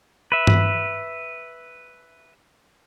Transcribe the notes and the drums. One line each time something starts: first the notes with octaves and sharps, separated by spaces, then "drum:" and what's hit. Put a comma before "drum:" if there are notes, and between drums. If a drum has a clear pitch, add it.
B4 E5
drum: tom G2